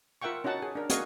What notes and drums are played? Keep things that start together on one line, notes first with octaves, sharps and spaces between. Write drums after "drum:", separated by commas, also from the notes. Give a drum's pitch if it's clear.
F4 A#4 E5 F#5 G5 C#6
C#4 D#4 F#4 F#5 A5
G#4
D4 A#4
F#4 G#4 D#5 F5 G#5 C#6, drum: hi-hat